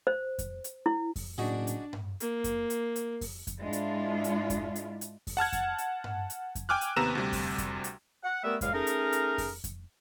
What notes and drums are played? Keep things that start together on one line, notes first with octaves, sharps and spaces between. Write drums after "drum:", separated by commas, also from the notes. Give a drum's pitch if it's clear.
C5
drum: kick F2, hi-hat
drum: hi-hat
E4
drum: kick F2, open hi-hat
F#1 A2 D4 D#4 F#4 G#4
drum: hi-hat
drum: tom G2
A#3, drum: hi-hat
drum: kick F2, hi-hat
drum: hi-hat
drum: hi-hat
drum: kick F2, open hi-hat
drum: kick F2, hi-hat
G#2 G#3 D4 E4 F4
drum: hi-hat
drum: hi-hat
drum: kick F2, hi-hat
drum: hi-hat
drum: hi-hat
drum: kick F2, open hi-hat
F#5 A5 F6 G#6
drum: kick F2, hi-hat
drum: hi-hat
drum: tom G2
drum: hi-hat
drum: kick F2, hi-hat
G5 G#5 D6 F6 F#6
drum: hi-hat
D#2 C3 B3 A#5 E6 E7
D2 C3 G3
drum: kick F2, open hi-hat
drum: kick F2, hi-hat
drum: hi-hat
F#5
G3 A3 B3 A#4 B4 E5
E2 A2 G#3 F5, drum: kick F2, hi-hat
A3 C#4 D#4 G#4 A#4
drum: hi-hat
drum: hi-hat
drum: kick F2, open hi-hat
drum: kick F2, hi-hat